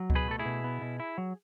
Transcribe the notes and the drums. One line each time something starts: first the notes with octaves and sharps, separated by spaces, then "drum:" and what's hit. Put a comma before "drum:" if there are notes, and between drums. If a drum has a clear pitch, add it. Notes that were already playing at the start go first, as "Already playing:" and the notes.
Already playing: F#3
B2, drum: kick C#2
G#4 B4
A3 A4
E4 G#4
B2
B3
B2
E4
F#3